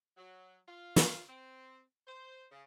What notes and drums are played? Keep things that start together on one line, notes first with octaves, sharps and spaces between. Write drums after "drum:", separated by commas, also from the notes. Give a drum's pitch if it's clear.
F#3
F4
drum: snare
C4
C5
C#3